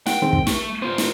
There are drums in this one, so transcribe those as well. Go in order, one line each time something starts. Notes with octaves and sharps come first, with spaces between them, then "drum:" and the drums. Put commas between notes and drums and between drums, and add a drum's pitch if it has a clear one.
F#5 G5, drum: snare
D#3 G#3 C4
drum: kick
A3 C#6, drum: snare
B3 F4 C5
drum: snare